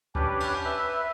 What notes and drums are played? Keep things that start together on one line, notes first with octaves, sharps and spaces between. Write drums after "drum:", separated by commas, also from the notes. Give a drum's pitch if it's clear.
C#4 D4 G4 B4, drum: kick D2
drum: cymbal
B4 E5